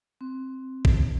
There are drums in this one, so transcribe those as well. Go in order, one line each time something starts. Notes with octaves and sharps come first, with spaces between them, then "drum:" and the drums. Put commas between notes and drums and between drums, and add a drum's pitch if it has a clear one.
C4
drum: kick A1